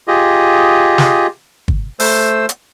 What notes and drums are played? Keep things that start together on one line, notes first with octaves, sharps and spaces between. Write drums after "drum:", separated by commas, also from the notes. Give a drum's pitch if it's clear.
F4 G4 G#4 D#5
drum: snare
drum: kick
A3 C5 E6, drum: open hi-hat
drum: hi-hat